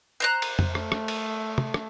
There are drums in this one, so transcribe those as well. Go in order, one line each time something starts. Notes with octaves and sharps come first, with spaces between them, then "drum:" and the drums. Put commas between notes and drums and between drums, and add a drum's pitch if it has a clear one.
C5 A#5 F#6
drum: cymbal
drum: tom F2
A3, drum: rim click
drum: rim click
drum: cymbal
drum: tom
drum: rim click